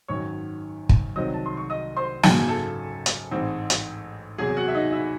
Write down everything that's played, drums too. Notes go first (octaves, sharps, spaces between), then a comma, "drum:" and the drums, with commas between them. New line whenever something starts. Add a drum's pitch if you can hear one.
G#1 F#2 D#3 F#3 C#5 C#6
drum: kick
C2 C3 D#3 F#3 C4 D#5 D#6
A5
C6
C#6
D#5 D#6
C5 C6
G#1 F#2 C#3 F#3 A5, drum: snare
G#5
A4 A5
drum: hi-hat
A1 G#2 E3 C4
drum: hi-hat
E2 C3 F#3 G#4 G#5
F#4 F#5
E5
D#4 D#5
E4 E5